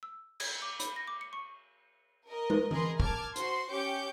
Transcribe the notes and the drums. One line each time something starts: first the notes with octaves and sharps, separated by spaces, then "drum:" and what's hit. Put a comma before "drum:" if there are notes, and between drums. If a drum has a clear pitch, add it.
E6
G#6, drum: cymbal
D6
B5, drum: hi-hat
A#6
D6
C#7
C#6
A#4 D#5
drum: tom
G#4 A#4 B4 D#5 A#5 C6, drum: tom
A5 D6 F6 G#6, drum: kick
F#4 C5 C6, drum: hi-hat
C#4 G4 D6 G6 C#7